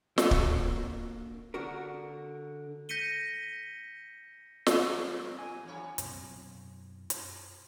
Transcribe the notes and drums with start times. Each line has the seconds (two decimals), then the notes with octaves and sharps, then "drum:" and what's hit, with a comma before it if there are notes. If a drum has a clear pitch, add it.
0.18 A#3 D4 F#4, drum: snare
0.31 drum: kick
1.54 D3 F#4 A#4
2.89 G6 A#6 B6 C#7 D#7 G7
4.66 drum: snare
4.80 F2 E5
4.96 A#2 F#3 A#3
5.39 G#5
5.64 E2 G2 C#5
5.98 F#2 B2 B3 C4, drum: hi-hat
7.10 drum: hi-hat